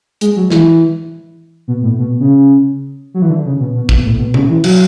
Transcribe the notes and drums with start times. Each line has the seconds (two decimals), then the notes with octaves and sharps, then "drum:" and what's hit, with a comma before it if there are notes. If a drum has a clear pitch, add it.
0.21 G#3, drum: hi-hat
0.36 F#3
0.50 E3, drum: snare
1.68 B2
1.82 A2
1.98 B2
2.20 C#3
3.14 F#3
3.22 E3
3.30 D3
3.45 C#3
3.59 B2
3.75 B2
3.89 B2, drum: kick
4.05 A2
4.18 B2
4.34 C#3, drum: tom B2
4.49 E3
4.64 F#3, drum: cymbal